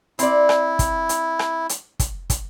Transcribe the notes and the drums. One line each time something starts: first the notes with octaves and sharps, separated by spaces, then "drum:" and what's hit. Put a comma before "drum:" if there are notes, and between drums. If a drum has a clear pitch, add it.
C4 E4 D5, drum: hi-hat
drum: rim click
drum: kick, hi-hat
drum: hi-hat
drum: rim click
drum: hi-hat
drum: kick, hi-hat
drum: kick, hi-hat